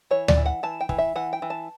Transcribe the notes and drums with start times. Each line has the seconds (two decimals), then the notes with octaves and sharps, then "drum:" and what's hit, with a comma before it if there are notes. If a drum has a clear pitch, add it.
0.11 E3 C#5
0.28 D5, drum: tom D2
0.37 E3
0.46 F#5
0.63 E3 A5
0.81 G5
0.89 E3, drum: kick
0.98 E5
1.16 E3 F#5
1.33 G5
1.42 E3
1.50 A5